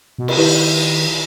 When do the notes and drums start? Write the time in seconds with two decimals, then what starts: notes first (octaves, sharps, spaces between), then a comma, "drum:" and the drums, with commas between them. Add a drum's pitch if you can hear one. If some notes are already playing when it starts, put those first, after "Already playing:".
0.18 B2
0.28 C3, drum: cymbal
0.37 D#3 E4 G4 B4